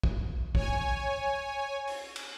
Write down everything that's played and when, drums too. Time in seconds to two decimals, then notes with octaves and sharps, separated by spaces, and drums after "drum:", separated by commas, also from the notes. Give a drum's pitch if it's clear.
0.03 drum: kick
0.55 C#5 G#5, drum: kick
1.87 drum: open hi-hat
2.16 drum: cymbal